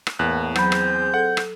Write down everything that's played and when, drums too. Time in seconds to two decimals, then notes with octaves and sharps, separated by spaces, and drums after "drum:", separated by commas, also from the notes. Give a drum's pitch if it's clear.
0.07 drum: rim click
0.19 E2 A2 A#3 F#6
0.56 F#3 C4 G#4 C5 B5 G6, drum: rim click
0.72 drum: rim click
1.14 A4 F#5
1.37 drum: rim click